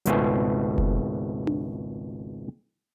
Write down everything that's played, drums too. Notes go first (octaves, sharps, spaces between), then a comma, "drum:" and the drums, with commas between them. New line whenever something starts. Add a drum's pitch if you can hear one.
G#1 C#2 B2 A3 C5 G#5, drum: hi-hat
drum: kick F1
drum: tom D4